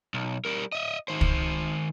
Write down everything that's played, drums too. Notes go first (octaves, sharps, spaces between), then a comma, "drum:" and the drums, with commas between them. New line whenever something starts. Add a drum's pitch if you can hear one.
B1
G3 A#4
D#5 E5
D#3 C5
drum: kick